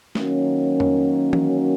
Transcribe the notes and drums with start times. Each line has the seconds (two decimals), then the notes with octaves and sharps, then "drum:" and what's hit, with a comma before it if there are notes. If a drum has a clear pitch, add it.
0.15 D#3 F#3 A#3 C#4 F#4, drum: snare
0.80 drum: tom
1.33 drum: tom E3